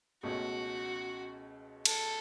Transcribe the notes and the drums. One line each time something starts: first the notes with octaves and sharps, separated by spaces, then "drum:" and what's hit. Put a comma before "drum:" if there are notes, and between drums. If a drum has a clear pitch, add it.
C#2 B2 A3 C#4 F#4
A4, drum: cymbal